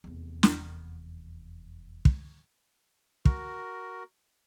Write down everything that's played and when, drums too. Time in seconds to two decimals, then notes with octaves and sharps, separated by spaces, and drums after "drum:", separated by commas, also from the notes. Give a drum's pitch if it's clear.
0.04 F1 E2
0.43 drum: snare
2.05 drum: kick
3.25 F#4 A#4, drum: kick